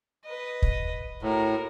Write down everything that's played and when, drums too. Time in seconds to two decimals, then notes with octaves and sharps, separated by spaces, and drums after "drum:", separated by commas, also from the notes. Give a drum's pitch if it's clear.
0.25 B4 D#5
0.62 drum: kick
1.22 A2 F#4 A#4